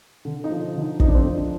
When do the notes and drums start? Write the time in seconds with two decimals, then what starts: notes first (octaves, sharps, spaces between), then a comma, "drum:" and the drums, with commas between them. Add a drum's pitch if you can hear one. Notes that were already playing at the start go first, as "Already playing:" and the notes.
0.25 D3
0.44 D#4
0.50 F3
0.75 D3
0.82 D#4
1.00 F2 D#4, drum: kick
1.07 D4
1.15 C4
1.22 F3 D4